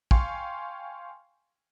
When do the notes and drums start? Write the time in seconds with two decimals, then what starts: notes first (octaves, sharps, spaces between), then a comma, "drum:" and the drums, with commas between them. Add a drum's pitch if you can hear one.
0.11 F5 G5 G#5 C6 C#6, drum: kick